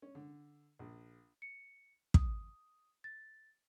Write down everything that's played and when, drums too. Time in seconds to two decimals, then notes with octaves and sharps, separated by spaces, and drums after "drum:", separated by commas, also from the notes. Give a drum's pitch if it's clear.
0.02 C#4
0.15 D3
0.79 A#1
1.42 C#7
2.14 D#6, drum: kick
3.04 A6